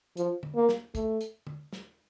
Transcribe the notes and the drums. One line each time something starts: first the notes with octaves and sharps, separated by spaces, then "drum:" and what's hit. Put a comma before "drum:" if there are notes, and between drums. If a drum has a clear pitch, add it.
F3, drum: hi-hat
drum: tom
A#3
drum: snare
A3, drum: kick, hi-hat
drum: hi-hat
drum: tom
drum: snare